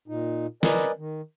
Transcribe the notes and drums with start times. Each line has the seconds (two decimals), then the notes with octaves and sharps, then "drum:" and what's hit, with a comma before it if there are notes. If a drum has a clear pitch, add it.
0.08 A#2 D#4
0.63 A#4 B4 D5 D#5 G#5, drum: snare
0.97 D#3